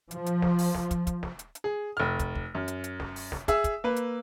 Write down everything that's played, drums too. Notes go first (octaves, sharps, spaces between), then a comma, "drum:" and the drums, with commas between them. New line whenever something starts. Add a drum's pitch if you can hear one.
F3, drum: hi-hat
drum: hi-hat
drum: snare
drum: open hi-hat
drum: snare
drum: kick, hi-hat
drum: kick, hi-hat
drum: snare
drum: hi-hat
drum: hi-hat
G#4
F1 F6
drum: kick, hi-hat
drum: kick
F#2
drum: hi-hat
drum: hi-hat
drum: snare
drum: open hi-hat
drum: snare
G#4 E5 E6, drum: kick, hi-hat
drum: kick, hi-hat
A#3 B4
drum: hi-hat